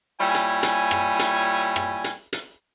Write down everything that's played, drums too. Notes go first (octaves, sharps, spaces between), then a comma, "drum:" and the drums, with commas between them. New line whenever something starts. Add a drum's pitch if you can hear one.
A#2 G3 E4 C#5 G#5
drum: hi-hat
drum: hi-hat
drum: rim click
drum: hi-hat
drum: rim click
drum: hi-hat
drum: hi-hat